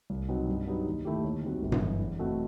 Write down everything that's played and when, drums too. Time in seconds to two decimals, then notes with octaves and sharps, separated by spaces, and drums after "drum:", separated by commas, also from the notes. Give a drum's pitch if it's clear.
0.10 C2
0.29 B2 F#3 C4 D#4
0.48 G2
0.67 F#3 B3 D#4 G4
0.86 D#2
1.05 D#3 A3 E4 G4
1.24 D#2
1.43 D#3 G3 C4 F#4
1.62 G1
1.72 drum: tom G2
1.82 F#2 E3 B3
2.00 E2
2.19 B2 A3 C4 F#4